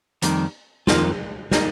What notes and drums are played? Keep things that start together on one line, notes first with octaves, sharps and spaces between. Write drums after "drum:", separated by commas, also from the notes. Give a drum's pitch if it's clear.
F2 D#3 G3 A#3, drum: hi-hat
F2 D#3 A#3 F4, drum: snare
G3 A#3 D#4, drum: snare